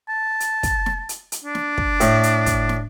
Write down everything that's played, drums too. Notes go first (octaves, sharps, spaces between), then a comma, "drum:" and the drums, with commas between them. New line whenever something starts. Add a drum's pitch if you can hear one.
A5
drum: hi-hat
drum: kick, hi-hat
drum: snare
drum: hi-hat
drum: hi-hat
D4
drum: snare
drum: kick
A2, drum: hi-hat
drum: hi-hat
drum: kick, hi-hat
drum: snare